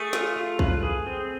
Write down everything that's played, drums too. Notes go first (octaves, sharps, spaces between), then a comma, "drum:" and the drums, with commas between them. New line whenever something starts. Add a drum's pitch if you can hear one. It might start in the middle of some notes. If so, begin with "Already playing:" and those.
Already playing: A3 G#4
F4, drum: snare
F4
B4, drum: kick B1
G#4
C4